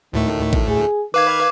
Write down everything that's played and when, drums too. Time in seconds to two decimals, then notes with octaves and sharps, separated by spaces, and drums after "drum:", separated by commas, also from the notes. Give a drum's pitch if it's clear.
0.13 D2 A2 D#3 A3
0.53 drum: kick A1
0.68 G#4
1.14 D#3 B4 F5 D6 G#6